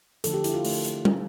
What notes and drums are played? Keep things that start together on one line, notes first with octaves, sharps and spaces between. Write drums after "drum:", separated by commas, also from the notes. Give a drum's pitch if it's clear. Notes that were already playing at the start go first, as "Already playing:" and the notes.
D3 F3 A3 A4, drum: hi-hat
G4
E4, drum: hi-hat
F4
D3 F3 A3, drum: open hi-hat
drum: hi-hat
E3 A3, drum: tom G3